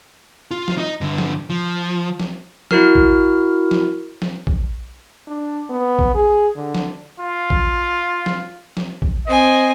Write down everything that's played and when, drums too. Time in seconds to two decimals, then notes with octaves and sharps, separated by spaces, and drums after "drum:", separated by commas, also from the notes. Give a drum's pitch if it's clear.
0.51 F4
0.68 drum: snare
0.78 D#4 D#5
1.01 G2 D3
1.18 drum: snare
1.50 F3
2.20 drum: snare
2.71 E4 F#4 A#4 F6, drum: snare
2.95 drum: kick
3.71 drum: snare
4.22 drum: snare
4.47 drum: kick
5.27 D4
5.70 B3
5.99 drum: kick
6.14 G#4
6.56 D3
6.75 drum: snare
7.20 F4
7.50 drum: kick
8.26 drum: snare
8.77 drum: snare
9.02 drum: kick
9.27 C4 D#5 G#5